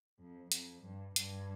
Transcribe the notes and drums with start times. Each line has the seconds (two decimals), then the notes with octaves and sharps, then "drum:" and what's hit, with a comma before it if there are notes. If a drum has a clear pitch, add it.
0.19 F2
0.52 F2, drum: hi-hat
0.84 G2
1.16 G2, drum: hi-hat